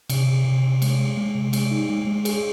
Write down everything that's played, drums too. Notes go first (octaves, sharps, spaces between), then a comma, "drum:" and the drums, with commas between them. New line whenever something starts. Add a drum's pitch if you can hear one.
C3, drum: cymbal
C3
C3
C3
G#3, drum: cymbal
G#3
G#3
C3
G#3, drum: cymbal
D#4
G#3
G#3
G#4, drum: cymbal